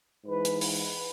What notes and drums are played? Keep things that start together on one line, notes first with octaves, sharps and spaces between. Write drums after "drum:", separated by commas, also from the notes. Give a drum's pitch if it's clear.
G#2 E3 B4
drum: hi-hat
B4, drum: open hi-hat